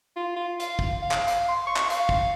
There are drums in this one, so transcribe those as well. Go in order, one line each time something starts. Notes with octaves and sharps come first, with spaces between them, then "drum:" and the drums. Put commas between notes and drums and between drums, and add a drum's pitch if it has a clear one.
F4
F4
F5, drum: hi-hat
drum: kick
F5
drum: clap
F5, drum: hi-hat
C6
C#6
drum: clap
F5, drum: hi-hat
drum: kick